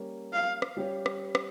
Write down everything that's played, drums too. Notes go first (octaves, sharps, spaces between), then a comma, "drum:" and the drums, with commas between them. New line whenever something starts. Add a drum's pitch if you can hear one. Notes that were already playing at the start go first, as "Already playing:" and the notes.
Already playing: G3 A#3 C#4
F5
drum: rim click
G3 C#4 G4 C#5
drum: rim click
drum: rim click